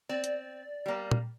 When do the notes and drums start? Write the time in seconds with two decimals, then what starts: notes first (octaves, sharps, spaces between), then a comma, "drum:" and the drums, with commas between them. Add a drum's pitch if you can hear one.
0.09 C4 D5
0.24 drum: hi-hat
0.86 G3 A#3
1.11 drum: tom A#2